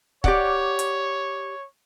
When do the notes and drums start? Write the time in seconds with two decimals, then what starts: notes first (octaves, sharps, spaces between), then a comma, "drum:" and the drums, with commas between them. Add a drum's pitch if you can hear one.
0.24 G4 C#5 D5 F#5, drum: kick
0.79 drum: hi-hat